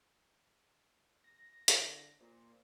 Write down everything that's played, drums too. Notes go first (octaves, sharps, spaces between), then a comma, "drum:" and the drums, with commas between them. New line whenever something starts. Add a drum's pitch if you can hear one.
A#6
D3, drum: hi-hat
A#2 C5